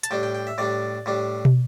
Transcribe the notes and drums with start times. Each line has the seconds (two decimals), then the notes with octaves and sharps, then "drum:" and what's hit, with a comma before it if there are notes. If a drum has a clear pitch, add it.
0.03 A5, drum: hi-hat
0.11 A2 G3 D4 G5
0.23 G5
0.35 G5
0.47 E5
0.58 A2 G3 D4 D5
1.06 A2 G3 D4
1.45 drum: tom